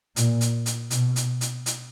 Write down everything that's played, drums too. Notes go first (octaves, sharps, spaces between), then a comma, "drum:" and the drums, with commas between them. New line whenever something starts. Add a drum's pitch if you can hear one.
A#2, drum: hi-hat
drum: hi-hat
drum: hi-hat
B2, drum: hi-hat
drum: hi-hat
drum: hi-hat
drum: hi-hat